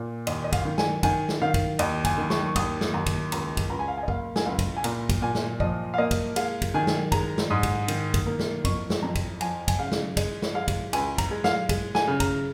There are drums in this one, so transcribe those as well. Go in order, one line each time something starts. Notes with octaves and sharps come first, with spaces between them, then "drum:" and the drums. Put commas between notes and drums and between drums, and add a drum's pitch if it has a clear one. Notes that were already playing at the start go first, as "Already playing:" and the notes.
Already playing: A#2
D#2 D#5, drum: cymbal
D#5
F5, drum: kick, cymbal
D#3
G#5, drum: snare
D#3 G#5, drum: kick, cymbal
drum: snare
D#3 F5
drum: kick, cymbal
D#2 D#5, drum: cymbal
G#5, drum: kick, cymbal
D#3
C#6, drum: snare
C#6
D#2 D#6, drum: kick, cymbal
drum: snare
D#2 A#5
drum: kick, cymbal
C#2 A#5, drum: cymbal
drum: kick, cymbal
C#2 A#5
G#5
F5
G#5
D#5
A#3 F5, drum: kick
G#5, drum: snare
C#2 F5
drum: kick, cymbal
G#5
A#2 A#5, drum: cymbal
drum: kick, cymbal
A#2 G#5
drum: snare
F3 D#5, drum: kick
F5
A#3 D#5
drum: kick, cymbal
G#3 F5, drum: cymbal
drum: kick, cymbal
D#3 G#5
drum: snare
G#3 A#5, drum: kick, cymbal
drum: snare
G#2 D#6
drum: kick, cymbal
D#3, drum: cymbal
drum: kick, cymbal
A#3
drum: snare
F2 C#6, drum: kick, cymbal
drum: snare
F2 A#5
drum: kick, cymbal
F3 G#5, drum: cymbal
G#5, drum: kick, cymbal
C#3 F5
drum: snare
G#3 D#5, drum: kick, cymbal
drum: snare
G#3 F5
drum: kick, cymbal
C#2 G#5, drum: cymbal
A#5, drum: kick, cymbal
G#3
F5, drum: snare
G#3, drum: kick, cymbal
G#5, drum: snare
C#3
A#5, drum: kick, cymbal